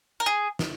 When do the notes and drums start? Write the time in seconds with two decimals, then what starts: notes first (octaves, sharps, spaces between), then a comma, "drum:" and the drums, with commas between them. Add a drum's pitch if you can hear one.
0.20 A#4
0.26 G#4
0.59 drum: snare